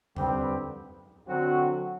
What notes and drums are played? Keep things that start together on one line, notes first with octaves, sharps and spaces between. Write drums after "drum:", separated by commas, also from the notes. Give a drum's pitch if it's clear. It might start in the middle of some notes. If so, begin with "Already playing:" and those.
D3 G3 C4 G4 B4, drum: tom E2
D3 F#3 C4 F#4